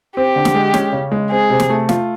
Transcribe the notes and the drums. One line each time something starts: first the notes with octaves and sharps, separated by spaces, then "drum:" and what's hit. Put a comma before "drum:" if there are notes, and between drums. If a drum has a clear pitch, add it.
C4 G4
D3
drum: snare
G#3
C#4, drum: snare
C#3
G#3
C4 G#4
C3
drum: snare
A3
F4, drum: snare